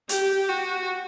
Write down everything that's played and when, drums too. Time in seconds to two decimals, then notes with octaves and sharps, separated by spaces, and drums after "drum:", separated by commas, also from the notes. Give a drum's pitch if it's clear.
0.09 G4, drum: hi-hat
0.49 F#4